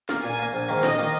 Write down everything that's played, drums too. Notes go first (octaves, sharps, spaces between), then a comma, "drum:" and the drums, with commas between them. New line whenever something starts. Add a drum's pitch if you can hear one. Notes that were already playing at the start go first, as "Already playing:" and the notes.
A#3 F4, drum: snare
A#2 G#5
A#3 F4
A#1
G#2 D#3 A#3
A#1 D#5, drum: snare
D#3 A#3